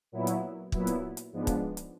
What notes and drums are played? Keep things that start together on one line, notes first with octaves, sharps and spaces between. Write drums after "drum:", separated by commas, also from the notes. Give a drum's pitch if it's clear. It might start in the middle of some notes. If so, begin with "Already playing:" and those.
A#2 F#3 B3 E4
drum: hi-hat
A#2 F#3 B3 E4, drum: kick
drum: hi-hat
drum: hi-hat
G#2 F3 G#3 B3 D4
drum: kick, hi-hat
drum: hi-hat